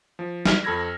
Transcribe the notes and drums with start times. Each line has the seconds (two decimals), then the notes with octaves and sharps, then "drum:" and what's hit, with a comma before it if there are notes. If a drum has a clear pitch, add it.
0.19 F3
0.45 F6, drum: snare
0.64 F2 A4 B5 E6 G#6 A#6